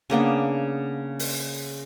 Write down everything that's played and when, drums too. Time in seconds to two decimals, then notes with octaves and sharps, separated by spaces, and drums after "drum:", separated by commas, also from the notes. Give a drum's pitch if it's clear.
0.10 C#3 A#3 B3 D4
1.19 drum: open hi-hat